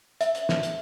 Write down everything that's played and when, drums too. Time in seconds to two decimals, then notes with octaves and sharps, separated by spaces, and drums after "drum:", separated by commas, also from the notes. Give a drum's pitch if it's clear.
0.21 E5, drum: hi-hat
0.35 drum: hi-hat
0.49 drum: snare
0.63 drum: hi-hat